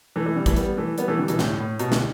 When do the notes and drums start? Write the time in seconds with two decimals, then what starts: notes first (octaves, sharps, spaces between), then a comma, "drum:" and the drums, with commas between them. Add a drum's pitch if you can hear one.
0.16 E3 A3
0.26 E3 A3
0.36 D3 G3
0.46 E3 A3, drum: kick G#1, hi-hat
0.56 G3 B3, drum: hi-hat
0.77 E3 A3
0.98 G3 B3, drum: hi-hat
1.08 E3 A3
1.18 D3 G3
1.28 B2 E3, drum: hi-hat
1.39 A2 D3, drum: snare
1.60 A2
1.79 B2, drum: hi-hat
1.92 D3, drum: snare